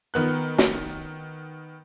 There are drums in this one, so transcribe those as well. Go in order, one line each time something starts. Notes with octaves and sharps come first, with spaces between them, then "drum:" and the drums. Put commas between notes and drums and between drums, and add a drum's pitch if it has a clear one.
D#3 B3 F#6
drum: snare